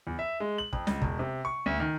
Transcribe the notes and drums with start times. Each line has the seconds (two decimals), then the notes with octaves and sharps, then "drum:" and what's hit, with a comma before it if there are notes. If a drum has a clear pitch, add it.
0.07 E2
0.19 E5
0.40 G#3
0.58 F#7
0.73 F2, drum: kick
0.87 C#2, drum: snare
1.02 E1, drum: kick
1.19 C3
1.45 C#6
1.66 D2
1.80 D#3